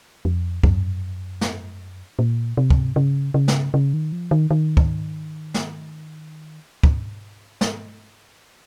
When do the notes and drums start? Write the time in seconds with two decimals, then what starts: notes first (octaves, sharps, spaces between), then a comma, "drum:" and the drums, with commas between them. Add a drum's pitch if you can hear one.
0.25 F2
0.63 F#2, drum: kick
1.41 drum: snare
2.19 A#2
2.57 C3
2.70 drum: kick
2.96 C#3
3.34 C#3
3.48 drum: snare
3.74 C#3
3.94 D#3
4.12 F3
4.31 D#3
4.51 D#3
4.77 drum: kick
5.54 drum: snare
6.83 drum: kick
7.61 drum: snare